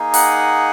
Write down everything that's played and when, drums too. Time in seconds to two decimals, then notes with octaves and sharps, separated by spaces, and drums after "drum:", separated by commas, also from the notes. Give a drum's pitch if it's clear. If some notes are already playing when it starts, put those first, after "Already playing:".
Already playing: A#3 D#4 G#4
0.14 F#5, drum: open hi-hat